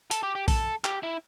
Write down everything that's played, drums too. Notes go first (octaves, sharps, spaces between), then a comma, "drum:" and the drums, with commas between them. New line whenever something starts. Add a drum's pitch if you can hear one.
A4, drum: hi-hat
G4
G4
A4, drum: kick A#1, open hi-hat
G4, drum: clap
E4